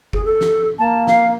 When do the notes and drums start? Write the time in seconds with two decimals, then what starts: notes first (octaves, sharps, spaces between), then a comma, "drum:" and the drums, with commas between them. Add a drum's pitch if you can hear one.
0.13 G#4, drum: kick F#1
0.25 A4
0.41 drum: snare
0.78 A#3 A5
1.07 F5, drum: snare